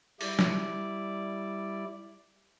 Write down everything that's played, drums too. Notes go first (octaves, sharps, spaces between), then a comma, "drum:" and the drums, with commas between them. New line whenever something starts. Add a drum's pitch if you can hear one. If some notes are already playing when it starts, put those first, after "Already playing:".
G3 E4 D5, drum: open hi-hat
drum: snare